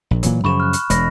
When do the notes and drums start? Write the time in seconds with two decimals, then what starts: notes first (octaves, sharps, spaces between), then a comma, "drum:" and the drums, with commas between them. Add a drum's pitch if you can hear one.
0.11 A#1
0.23 A#2 E3 F#3, drum: kick, hi-hat
0.44 F#2 C#3 F3 B5 C#6 E7
0.60 F6 F#6
0.73 drum: hi-hat
0.90 E1 G#3 B5 A#6, drum: hi-hat